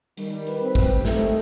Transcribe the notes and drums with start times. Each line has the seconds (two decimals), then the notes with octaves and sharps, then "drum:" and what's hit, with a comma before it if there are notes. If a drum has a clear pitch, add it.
0.17 D#3 G3, drum: hi-hat
0.47 B4, drum: hi-hat
0.62 C4
0.75 G4, drum: kick, hi-hat
1.05 A3 D#4, drum: snare